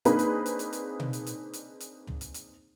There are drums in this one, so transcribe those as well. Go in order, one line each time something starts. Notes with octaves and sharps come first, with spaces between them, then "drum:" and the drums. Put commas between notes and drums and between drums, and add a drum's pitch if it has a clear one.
A#3 C4 D4 D#4 G#4 B4, drum: hi-hat
drum: hi-hat
drum: hi-hat
drum: hi-hat
drum: hi-hat
drum: tom B2
drum: hi-hat
drum: hi-hat
drum: hi-hat
drum: hi-hat
drum: tom
drum: hi-hat
drum: hi-hat